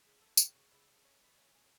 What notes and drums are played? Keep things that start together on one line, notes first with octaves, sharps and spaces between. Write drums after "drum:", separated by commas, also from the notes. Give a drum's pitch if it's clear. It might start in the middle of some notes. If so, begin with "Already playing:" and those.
C#3 B4
E3 A4
C#3 G4, drum: tambourine
C#3 F#4
C#3 E4
A3
A3 C#4
E3 B3
A3 C#4
B2 C#4